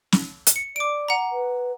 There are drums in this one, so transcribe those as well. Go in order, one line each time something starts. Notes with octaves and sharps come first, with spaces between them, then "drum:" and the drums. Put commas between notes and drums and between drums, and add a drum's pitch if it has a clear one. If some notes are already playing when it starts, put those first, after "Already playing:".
drum: snare
drum: hi-hat
C#7
D5 D6 D7
F#5 A#5
B4